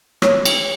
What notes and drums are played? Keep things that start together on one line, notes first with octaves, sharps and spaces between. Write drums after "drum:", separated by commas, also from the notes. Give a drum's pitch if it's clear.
C#5, drum: rim click
drum: cymbal